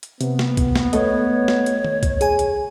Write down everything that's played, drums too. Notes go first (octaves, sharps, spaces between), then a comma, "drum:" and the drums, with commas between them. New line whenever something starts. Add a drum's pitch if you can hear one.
drum: hi-hat
C3 B3, drum: hi-hat
drum: snare
drum: kick B1, hi-hat
drum: snare
A3 A4 C#5 D#5, drum: hi-hat
drum: snare
drum: hi-hat
drum: tom D#3
drum: kick B1, hi-hat
G#4 G#5, drum: hi-hat
drum: hi-hat